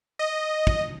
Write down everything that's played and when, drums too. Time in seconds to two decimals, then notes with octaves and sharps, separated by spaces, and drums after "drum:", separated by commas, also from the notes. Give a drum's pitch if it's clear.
0.19 D#5
0.67 drum: kick